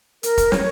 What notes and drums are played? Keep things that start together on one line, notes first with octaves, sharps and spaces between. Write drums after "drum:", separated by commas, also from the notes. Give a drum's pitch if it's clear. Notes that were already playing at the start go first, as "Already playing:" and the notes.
A#4, drum: hi-hat
drum: kick, hi-hat
C#5, drum: snare